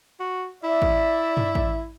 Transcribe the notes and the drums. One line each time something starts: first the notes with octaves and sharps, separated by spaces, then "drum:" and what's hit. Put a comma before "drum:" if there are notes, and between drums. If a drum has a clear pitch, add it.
F#4
E4 D5 E5
drum: kick A1
drum: tom G2
drum: kick A1